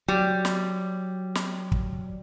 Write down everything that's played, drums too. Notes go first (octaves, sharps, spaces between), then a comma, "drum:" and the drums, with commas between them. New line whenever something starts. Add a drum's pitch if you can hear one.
F#3 G3
drum: snare
drum: snare
drum: kick